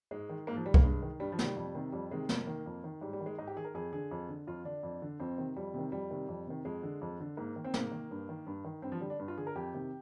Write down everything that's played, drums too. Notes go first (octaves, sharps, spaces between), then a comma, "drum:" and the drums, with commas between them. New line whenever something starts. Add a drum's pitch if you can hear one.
G#2 G#3
D#3
G#2 A#3
F3
D#3 G3
A#3, drum: kick C2
G2 G#3
D#3
G2 G3
F3
D#3, drum: snare
G3
F2
C3 D#3
F2 G3
C3 D#3 G#3
F2 A#3, drum: snare
D#3
F2
D#3
G#2 G3
G3
D#3
G#3
G#2 D#4
G4
D#3 G#4
A#4
F2 G#4
D3 G#4
F2
D3
F2 F4
D3 D4
F2
D3
F2 C4
C3 D#3
F2 G3
C3 D#3
F2 G3
C3 D#3
F2
C3 D#3
F2 G#3
D3
F2
D3
G#2 A#3
D#3
C4
G#2 A#3, drum: snare
D#3
G2
D#3
G2
D#3
G2 C4
F3
D3 G3
D4
G2
F4
D3 G#4
A#4
F2 G4
C3 D#3